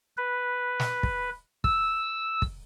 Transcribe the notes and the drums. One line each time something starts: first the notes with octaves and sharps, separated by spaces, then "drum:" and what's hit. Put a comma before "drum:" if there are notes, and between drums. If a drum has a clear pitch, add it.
B4
drum: snare
drum: kick
E6, drum: kick
drum: kick